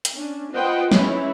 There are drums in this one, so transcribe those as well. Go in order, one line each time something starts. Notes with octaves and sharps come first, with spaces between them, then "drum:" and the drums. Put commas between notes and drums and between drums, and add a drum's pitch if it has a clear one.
drum: hi-hat
C#4 D4
F4 B4 C5 D#5 F#5 G5
E3 G#3 C#4 D#4 E4 C#5, drum: snare